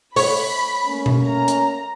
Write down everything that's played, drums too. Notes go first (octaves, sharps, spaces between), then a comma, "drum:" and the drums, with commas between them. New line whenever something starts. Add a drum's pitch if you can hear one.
C#5 B5, drum: open hi-hat
A3 A#3 C#4
drum: tom B2
A#5
drum: hi-hat